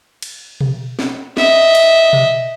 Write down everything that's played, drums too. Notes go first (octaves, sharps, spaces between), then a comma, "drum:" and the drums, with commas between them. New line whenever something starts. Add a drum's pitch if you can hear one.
drum: cymbal
drum: tom B2
drum: snare
D#5 E5, drum: snare
drum: cymbal
drum: tom B2